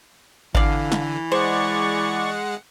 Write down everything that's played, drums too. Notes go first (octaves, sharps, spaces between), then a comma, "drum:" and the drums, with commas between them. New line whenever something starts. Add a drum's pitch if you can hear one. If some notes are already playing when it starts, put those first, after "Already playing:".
D3 E3 D5 F5, drum: kick G#1
drum: snare
G#3 C5 D5 F#5 C#6